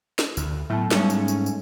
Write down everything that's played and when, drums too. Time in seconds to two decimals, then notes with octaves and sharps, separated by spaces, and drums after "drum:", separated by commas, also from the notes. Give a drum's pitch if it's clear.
0.19 drum: snare
0.37 D2, drum: tambourine
0.70 A2 F#3 A3 B3
0.91 G#2 G3 B3 C#4, drum: snare
1.10 drum: tambourine
1.28 drum: tambourine
1.46 drum: tambourine